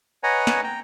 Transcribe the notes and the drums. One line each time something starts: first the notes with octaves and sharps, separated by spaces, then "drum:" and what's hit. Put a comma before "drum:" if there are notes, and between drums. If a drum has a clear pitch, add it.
B4 C#5 D#5 F#5 G#5 A#5
drum: snare
G5 A#5